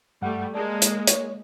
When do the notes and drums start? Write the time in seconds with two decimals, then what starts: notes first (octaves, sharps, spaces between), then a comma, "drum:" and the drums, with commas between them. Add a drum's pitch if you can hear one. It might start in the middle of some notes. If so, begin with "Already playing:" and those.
0.22 G2 G3 A3 F#5
0.54 G#3 A#3 D5 A5
0.82 drum: hi-hat
1.07 C#5, drum: hi-hat